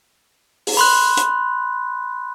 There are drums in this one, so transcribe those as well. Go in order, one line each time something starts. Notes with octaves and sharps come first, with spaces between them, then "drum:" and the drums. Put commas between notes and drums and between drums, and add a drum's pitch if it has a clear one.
drum: open hi-hat
B5 C6 F#6
drum: hi-hat